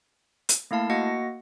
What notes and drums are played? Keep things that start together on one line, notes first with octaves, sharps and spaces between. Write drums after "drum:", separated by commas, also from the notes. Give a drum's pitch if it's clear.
drum: hi-hat
A3 A#3 E4 F5 A5
A#3 F#4 D#5 F#5 A#6